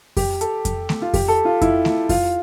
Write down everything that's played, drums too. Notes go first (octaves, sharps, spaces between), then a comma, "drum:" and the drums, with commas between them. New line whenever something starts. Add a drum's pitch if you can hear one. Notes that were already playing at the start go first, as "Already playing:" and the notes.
G4, drum: kick F2, open hi-hat
A4, drum: hi-hat
drum: kick F2, hi-hat
drum: snare A3
F4
G4, drum: kick F2, open hi-hat
A4
F4
E4, drum: kick F2, hi-hat
drum: snare A3
F4, drum: kick F2, open hi-hat